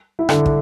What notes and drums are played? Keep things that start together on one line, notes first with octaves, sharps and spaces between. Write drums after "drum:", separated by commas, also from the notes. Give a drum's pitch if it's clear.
E4
D3 D4, drum: rim click
drum: kick